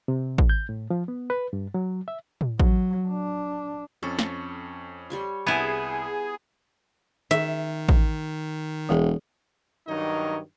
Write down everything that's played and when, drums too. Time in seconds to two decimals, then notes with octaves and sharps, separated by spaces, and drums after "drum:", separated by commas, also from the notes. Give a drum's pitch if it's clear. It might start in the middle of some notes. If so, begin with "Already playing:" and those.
0.08 C3
0.38 drum: kick A1
0.49 G6
0.69 A2
0.90 F3
1.08 B3
1.30 B4
1.53 G2
1.74 F#3
2.08 E5
2.41 drum: tom
2.60 F#3, drum: kick A1
3.08 D4
4.03 F2 C#4 A4 C#6
4.19 drum: snare
5.10 G3 C#5 C6
5.47 C2 B3 E4 G#4
7.31 D#3 E5
7.89 drum: kick A1
8.89 E1 E3 G#4
9.88 G2 D#3 F#3 D#4 C#5 D#5